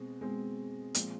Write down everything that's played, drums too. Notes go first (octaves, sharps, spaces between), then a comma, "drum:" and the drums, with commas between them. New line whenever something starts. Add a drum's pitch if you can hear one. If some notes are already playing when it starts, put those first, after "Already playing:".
Already playing: B2 G#3 C4
B2 G#3 C4
A#2 F3 G#3 C4, drum: hi-hat